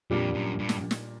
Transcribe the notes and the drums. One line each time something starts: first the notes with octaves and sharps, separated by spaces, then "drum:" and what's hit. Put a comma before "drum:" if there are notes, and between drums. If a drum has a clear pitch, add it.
F2 A#2 G3 A#3 D4
F#2
G2
drum: snare
drum: snare